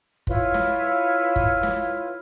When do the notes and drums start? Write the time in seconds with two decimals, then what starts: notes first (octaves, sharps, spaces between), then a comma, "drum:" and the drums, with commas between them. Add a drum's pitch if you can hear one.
0.27 E4 F4 B4 C#5, drum: kick
0.54 drum: snare
1.36 drum: kick
1.63 drum: snare